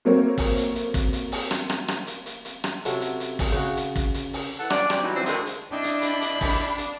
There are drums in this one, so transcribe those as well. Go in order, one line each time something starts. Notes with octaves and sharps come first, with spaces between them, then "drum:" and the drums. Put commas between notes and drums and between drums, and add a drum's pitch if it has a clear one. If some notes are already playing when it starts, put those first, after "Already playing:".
F#3 A3 A#3 C4 A#4 C#5
drum: kick, open hi-hat
drum: hi-hat
drum: hi-hat
drum: kick, hi-hat
drum: hi-hat
drum: open hi-hat
drum: rim click
drum: rim click
drum: rim click
drum: hi-hat
drum: hi-hat
drum: hi-hat
drum: rim click
C3 F#3 C#4 A4, drum: hi-hat
drum: hi-hat
drum: hi-hat
drum: kick, open hi-hat
C#3 F#4
drum: hi-hat
drum: kick, hi-hat
drum: hi-hat
drum: open hi-hat
E3 A4 F#5
C#4 D4 F4 D5, drum: rim click
D2 G3 C4 D5, drum: rim click
D3 E3 F#3 G3 C#4 D#4
F2 E3 G3 C4 F#4 C#5
D2 D3 D#3 G#3 G#4 C5, drum: hi-hat
drum: hi-hat
D4 E4 D#5 G5
drum: hi-hat
B5, drum: hi-hat
drum: hi-hat
D4, drum: kick, open hi-hat
drum: hi-hat